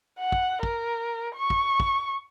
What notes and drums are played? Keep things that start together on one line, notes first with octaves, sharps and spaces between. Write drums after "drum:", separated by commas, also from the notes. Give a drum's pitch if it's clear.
F#5
drum: kick
A#4, drum: kick
C#6
drum: kick
drum: kick